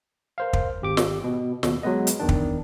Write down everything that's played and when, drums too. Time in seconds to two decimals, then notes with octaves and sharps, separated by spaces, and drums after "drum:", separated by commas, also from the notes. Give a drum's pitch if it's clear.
0.38 A#4 C5 F5
0.53 drum: kick
0.82 G#1 G4 D6
0.97 drum: snare
1.24 B2
1.63 D#2 B2, drum: snare
1.83 F#3 G#3 B3 B4 D#5
2.07 drum: hi-hat
2.20 E2 D#3 D4
2.29 drum: kick